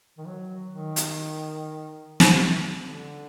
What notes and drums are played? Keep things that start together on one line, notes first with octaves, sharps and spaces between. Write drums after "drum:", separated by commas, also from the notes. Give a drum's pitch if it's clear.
D#3
F#3
D#3
drum: hi-hat
drum: snare
D3